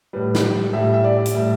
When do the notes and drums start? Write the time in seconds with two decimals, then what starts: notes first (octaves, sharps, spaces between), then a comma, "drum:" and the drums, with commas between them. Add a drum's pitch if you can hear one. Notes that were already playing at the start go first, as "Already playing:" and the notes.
0.13 A2 G3 B4
0.35 drum: snare
0.73 A2 G3 E5
0.94 E5
1.04 D5
1.26 drum: hi-hat
1.35 A2 G3 E5